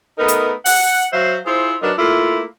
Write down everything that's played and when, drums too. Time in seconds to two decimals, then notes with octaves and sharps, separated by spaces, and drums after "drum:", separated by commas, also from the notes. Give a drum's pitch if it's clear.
0.18 A3 B3 D#4 A#4 B4
0.28 drum: hi-hat
0.66 F#5, drum: open hi-hat
1.12 F#3 F#4 C5 E5 F5
1.46 E4 F4 G#4 C5
1.82 F#3 D4 D#4 A#4 B4
1.97 A3 A#3 E4 F4